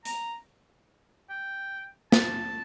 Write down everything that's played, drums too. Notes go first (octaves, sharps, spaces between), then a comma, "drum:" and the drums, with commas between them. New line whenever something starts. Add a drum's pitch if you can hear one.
A#5, drum: hi-hat
G5
A5, drum: snare